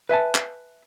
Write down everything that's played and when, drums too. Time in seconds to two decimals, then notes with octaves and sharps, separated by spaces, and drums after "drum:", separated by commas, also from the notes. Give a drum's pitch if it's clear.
0.09 B4 E5 G#5 A5
0.35 drum: clap